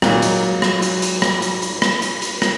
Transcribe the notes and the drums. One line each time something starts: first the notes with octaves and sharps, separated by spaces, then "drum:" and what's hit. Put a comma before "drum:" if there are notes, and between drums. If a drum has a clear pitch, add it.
A#2 D#3 F#3 G#3, drum: rim click
drum: hi-hat
drum: rim click
drum: hi-hat
drum: hi-hat
drum: rim click
drum: hi-hat
drum: hi-hat
drum: rim click
drum: hi-hat
drum: hi-hat
drum: rim click